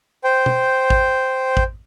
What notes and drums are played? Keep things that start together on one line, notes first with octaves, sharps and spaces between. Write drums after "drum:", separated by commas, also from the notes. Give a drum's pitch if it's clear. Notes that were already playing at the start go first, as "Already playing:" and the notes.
C5 G5
drum: tom
drum: kick A1
drum: kick A1